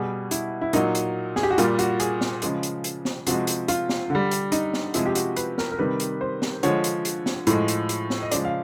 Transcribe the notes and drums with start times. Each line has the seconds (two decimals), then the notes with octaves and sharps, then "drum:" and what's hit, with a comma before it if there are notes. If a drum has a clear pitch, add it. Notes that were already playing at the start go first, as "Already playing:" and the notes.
Already playing: B2 G3 G#4
0.31 E4, drum: hi-hat
0.61 E4
0.73 A#2 F#3 D#4, drum: hi-hat
0.95 drum: hi-hat
1.36 G#4, drum: snare
1.43 G4
1.50 F#4
1.58 A#2 G3 F4, drum: hi-hat
1.79 F#4, drum: hi-hat
2.00 G#4, drum: hi-hat
2.21 drum: snare
2.42 C#3 F3 G#3, drum: hi-hat
2.63 drum: hi-hat
2.84 drum: hi-hat
3.05 drum: snare
3.27 C3 F3 G#3 F#4, drum: hi-hat
3.47 drum: hi-hat
3.68 F4, drum: hi-hat
3.89 drum: snare
4.10 D3
4.15 G3
4.31 drum: hi-hat
4.52 D#4, drum: hi-hat
4.74 drum: snare
4.94 C3 F3 G#3 E4, drum: hi-hat
5.06 G4
5.15 F#4, drum: hi-hat
5.36 B4, drum: hi-hat
5.58 A#4, drum: snare
5.72 A#4
5.78 C3 D#3 G3 B4
6.00 drum: hi-hat
6.21 C5
6.42 drum: snare
6.63 D3 F3 G#3 C#5, drum: hi-hat
6.84 drum: hi-hat
7.05 drum: hi-hat
7.26 drum: snare
7.47 A2 F3 G#3, drum: hi-hat
7.68 drum: hi-hat
7.89 drum: hi-hat
8.10 drum: snare
8.22 D#5
8.32 C#3 F3 G#3 D5, drum: hi-hat
8.45 F5